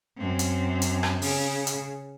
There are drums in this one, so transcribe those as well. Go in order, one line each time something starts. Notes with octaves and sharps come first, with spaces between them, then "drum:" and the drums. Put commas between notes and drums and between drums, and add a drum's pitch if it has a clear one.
F#2 C4
drum: hi-hat
drum: hi-hat
drum: rim click
C#3, drum: open hi-hat
drum: hi-hat